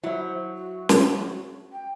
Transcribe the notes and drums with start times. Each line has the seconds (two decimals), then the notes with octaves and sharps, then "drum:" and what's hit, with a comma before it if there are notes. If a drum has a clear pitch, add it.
0.03 F#3 E4 C5 E5
0.55 F#4
0.89 drum: snare
1.72 G5